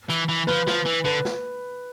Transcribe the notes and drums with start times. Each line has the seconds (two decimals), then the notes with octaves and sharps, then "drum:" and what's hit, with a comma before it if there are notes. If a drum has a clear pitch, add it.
0.10 E3, drum: hi-hat
0.29 E3
0.47 F3 B4, drum: tom D3
0.67 F3, drum: snare
0.85 E3
1.04 D3 B4
1.25 drum: snare